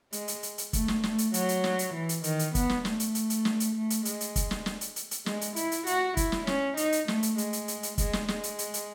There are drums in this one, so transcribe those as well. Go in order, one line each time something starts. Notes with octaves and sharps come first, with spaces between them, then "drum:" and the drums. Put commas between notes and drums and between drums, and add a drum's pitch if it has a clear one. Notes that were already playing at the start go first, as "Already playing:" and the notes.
G#3, drum: hi-hat
drum: hi-hat
drum: hi-hat
drum: hi-hat
A3, drum: kick, hi-hat
drum: snare
A3, drum: snare
drum: hi-hat
F#3, drum: hi-hat
drum: hi-hat
drum: snare
drum: hi-hat
E3
drum: hi-hat
D#3, drum: hi-hat
drum: hi-hat
B3, drum: kick, hi-hat
drum: snare
A3, drum: snare
drum: hi-hat
drum: hi-hat
drum: hi-hat
drum: snare
drum: hi-hat
A3
drum: hi-hat
G#3, drum: hi-hat
drum: hi-hat
drum: kick, hi-hat
drum: snare
drum: snare
drum: hi-hat
drum: hi-hat
drum: hi-hat
G#3, drum: snare
drum: hi-hat
E4, drum: hi-hat
drum: hi-hat
F#4, drum: hi-hat
E4, drum: kick, hi-hat
drum: snare
C#4, drum: snare
D#4, drum: hi-hat
drum: hi-hat
A3, drum: snare
drum: hi-hat
G#3, drum: hi-hat
drum: hi-hat
drum: hi-hat
drum: hi-hat
G#3, drum: kick, hi-hat
drum: snare
G#3, drum: snare
drum: hi-hat
drum: hi-hat
drum: hi-hat